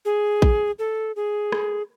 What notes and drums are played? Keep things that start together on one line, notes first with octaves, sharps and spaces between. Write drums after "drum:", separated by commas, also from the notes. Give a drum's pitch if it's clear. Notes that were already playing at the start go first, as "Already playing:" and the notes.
G#4
drum: kick
A4
G#4
drum: rim click